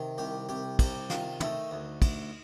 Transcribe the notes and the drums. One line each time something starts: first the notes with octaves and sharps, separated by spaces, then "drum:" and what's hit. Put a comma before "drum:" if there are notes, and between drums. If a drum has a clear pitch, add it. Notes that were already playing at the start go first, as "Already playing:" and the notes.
Already playing: C3 D#3
C2 G4
C2 G4
C3 G4, drum: kick, cymbal
D#3 F4, drum: snare
A3 D#4, drum: tom
D2
D2, drum: kick, cymbal